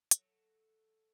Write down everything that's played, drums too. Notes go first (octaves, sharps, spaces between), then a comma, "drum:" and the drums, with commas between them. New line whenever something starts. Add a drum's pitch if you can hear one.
F#3 A3, drum: hi-hat